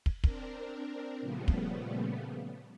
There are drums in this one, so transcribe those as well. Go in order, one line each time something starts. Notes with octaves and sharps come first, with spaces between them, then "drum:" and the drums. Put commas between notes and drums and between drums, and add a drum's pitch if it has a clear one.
drum: kick
C4 D4 A#4, drum: kick
A#2 C#3 F3 G3 A3 B3
drum: kick